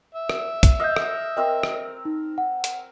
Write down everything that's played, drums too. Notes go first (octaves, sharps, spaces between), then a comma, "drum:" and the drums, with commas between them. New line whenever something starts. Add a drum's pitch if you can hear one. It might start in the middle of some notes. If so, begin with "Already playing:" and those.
E5
drum: rim click
drum: kick, hi-hat
D#5 F5 E6 G6
drum: rim click
C4 A#4 D#5 E6
drum: rim click
D#4
F#5
drum: hi-hat